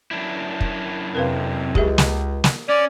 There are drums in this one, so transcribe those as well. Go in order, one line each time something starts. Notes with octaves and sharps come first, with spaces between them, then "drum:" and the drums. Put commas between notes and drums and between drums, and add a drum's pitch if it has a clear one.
F#2 D4 E4
drum: kick
F2 C3 C4 A#4 B4 F5
C#2 G4 G#4 E5, drum: kick
drum: snare
drum: snare
C#4 D5